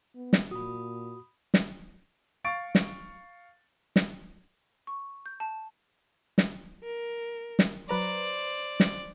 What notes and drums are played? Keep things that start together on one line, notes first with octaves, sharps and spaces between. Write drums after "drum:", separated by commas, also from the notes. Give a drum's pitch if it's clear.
B3
drum: snare
A#2 F#4 B5 D#6
drum: snare
F5 C#6 A6 D7
drum: snare
drum: snare
C#6
G6
A5
drum: snare
A#4
drum: snare
F#3 B4 C5 D5 A#5
drum: snare